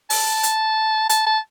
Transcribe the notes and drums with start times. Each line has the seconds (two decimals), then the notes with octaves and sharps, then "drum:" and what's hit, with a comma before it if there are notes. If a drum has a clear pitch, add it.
0.10 A5, drum: open hi-hat
0.43 drum: hi-hat
1.09 A5, drum: hi-hat
1.26 A5